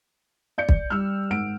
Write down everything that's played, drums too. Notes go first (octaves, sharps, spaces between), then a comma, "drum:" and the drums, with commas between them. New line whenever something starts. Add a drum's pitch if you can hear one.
D5 G6 C#7
drum: kick
G3 E6 F6
G#1 F#5 D7